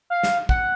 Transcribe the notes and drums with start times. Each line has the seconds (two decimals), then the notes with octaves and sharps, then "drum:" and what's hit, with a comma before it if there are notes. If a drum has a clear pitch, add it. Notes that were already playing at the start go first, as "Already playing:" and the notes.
0.10 F5
0.23 drum: snare
0.49 F#5, drum: kick